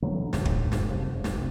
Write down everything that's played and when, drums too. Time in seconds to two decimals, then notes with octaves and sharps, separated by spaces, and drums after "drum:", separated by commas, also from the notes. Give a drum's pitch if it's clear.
0.02 D3 E3 F#3 A3
0.33 F#2 A2 D3, drum: snare
0.45 drum: kick
0.72 F2, drum: snare
0.88 F#1 G2 C3
1.14 F#1
1.24 drum: snare
1.36 C2